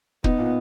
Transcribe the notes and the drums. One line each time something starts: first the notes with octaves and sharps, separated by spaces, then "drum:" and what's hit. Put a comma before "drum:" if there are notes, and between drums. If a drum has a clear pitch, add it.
B3 D#4, drum: kick
A#2